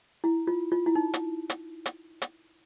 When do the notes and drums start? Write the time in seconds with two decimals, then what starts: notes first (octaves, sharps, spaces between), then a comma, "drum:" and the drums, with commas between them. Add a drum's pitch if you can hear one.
0.24 E4
0.47 F4
0.72 F4
0.86 E4
0.95 D#4
1.14 drum: hi-hat
1.50 drum: hi-hat
1.86 drum: hi-hat
2.22 drum: hi-hat